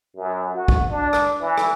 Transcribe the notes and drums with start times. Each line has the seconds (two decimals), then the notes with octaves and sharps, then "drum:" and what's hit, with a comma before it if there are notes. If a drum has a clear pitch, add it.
0.16 F#2
0.54 F#4
0.68 drum: kick
0.91 D4
1.13 drum: rim click
1.40 E3
1.58 drum: rim click